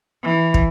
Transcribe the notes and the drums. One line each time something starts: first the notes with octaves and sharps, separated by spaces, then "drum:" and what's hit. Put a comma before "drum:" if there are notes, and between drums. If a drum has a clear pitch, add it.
E3
drum: kick